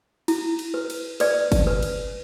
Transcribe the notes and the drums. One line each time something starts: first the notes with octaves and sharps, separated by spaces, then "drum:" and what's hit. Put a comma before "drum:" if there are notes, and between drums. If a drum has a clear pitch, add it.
E4, drum: cymbal
drum: cymbal
B4
drum: cymbal
B4 D5, drum: cymbal
drum: kick, cymbal
B4
drum: cymbal